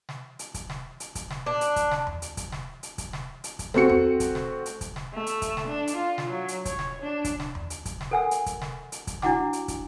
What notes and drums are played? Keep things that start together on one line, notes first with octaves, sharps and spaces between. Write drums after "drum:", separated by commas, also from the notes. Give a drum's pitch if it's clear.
drum: snare
drum: hi-hat
drum: kick, hi-hat
drum: snare
drum: hi-hat
drum: kick, hi-hat
drum: snare
D4
drum: hi-hat
drum: kick, hi-hat
drum: snare
drum: tom E2
drum: hi-hat
drum: kick, hi-hat
drum: snare
drum: hi-hat
drum: kick, hi-hat
drum: snare
drum: hi-hat
drum: kick, hi-hat
A3 C4 F#4 C#7, drum: snare
drum: tom E2
drum: kick, hi-hat
drum: snare
drum: hi-hat
drum: kick, hi-hat
drum: snare
A3
drum: hi-hat
drum: kick, hi-hat
drum: snare
D4
drum: hi-hat
F4
drum: snare
F#3
drum: hi-hat
C#5, drum: kick, hi-hat
drum: snare
D4
drum: kick, hi-hat
drum: snare
drum: tom E2
drum: hi-hat
drum: kick, hi-hat
drum: snare
A4 A#4 F#5 G#5 E6
drum: hi-hat
drum: kick, hi-hat
drum: snare
drum: hi-hat
drum: kick, hi-hat
D4 E4 F#4 F#5 D6, drum: snare
drum: hi-hat
drum: kick, hi-hat